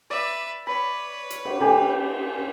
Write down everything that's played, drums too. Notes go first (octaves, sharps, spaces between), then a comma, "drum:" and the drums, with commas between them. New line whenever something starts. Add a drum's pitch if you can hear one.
B4 D5 E5
B4 C#5 B5
drum: hi-hat
drum: cymbal
G4 A4 G#5